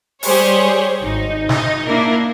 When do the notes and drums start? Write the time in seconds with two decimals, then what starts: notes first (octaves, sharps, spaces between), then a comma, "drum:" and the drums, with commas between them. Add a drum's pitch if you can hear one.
0.23 G3 G4 G#4 C5 C#5, drum: open hi-hat
1.01 G#1 D#4
1.49 D#4 D#5, drum: snare
1.86 A#3 D4 E4 A#4